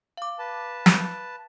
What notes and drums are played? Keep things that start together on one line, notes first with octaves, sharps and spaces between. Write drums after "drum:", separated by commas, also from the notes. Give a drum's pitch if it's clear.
F5 D6
B4 A5
drum: snare